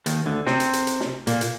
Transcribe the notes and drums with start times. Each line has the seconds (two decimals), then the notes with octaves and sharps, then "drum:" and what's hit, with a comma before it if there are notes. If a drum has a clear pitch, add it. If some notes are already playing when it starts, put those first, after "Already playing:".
0.06 D#2 D#3, drum: hi-hat
0.26 D2 D3
0.47 C3 C4, drum: snare
0.60 drum: hi-hat
0.73 drum: hi-hat
0.87 drum: hi-hat
1.00 drum: snare
1.27 A#2 A#3, drum: hi-hat
1.41 drum: hi-hat